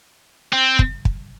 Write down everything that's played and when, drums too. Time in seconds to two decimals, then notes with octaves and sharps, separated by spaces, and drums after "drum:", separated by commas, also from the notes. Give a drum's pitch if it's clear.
0.53 C4
0.79 drum: kick
1.05 drum: kick